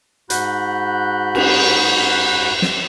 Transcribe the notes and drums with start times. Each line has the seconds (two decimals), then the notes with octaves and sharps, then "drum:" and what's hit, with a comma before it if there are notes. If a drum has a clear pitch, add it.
0.30 G#2 F#4 B5 F#6 G6, drum: hi-hat
1.35 drum: cymbal
2.62 drum: snare